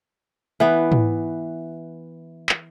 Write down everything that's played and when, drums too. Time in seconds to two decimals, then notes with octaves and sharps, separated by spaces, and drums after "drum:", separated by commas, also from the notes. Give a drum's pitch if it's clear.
0.60 E3 B3
0.92 drum: tom
2.49 drum: clap